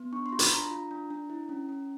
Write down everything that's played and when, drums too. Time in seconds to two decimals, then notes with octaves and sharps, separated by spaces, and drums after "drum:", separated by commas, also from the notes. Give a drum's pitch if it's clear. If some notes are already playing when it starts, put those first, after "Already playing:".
Already playing: B3
0.13 D4 C#6
0.26 C6
0.32 F4
0.39 B5, drum: hi-hat
0.52 D4 A#5
0.71 F4
0.91 D4
1.10 D4
1.30 E4
1.49 C#4
1.69 C#4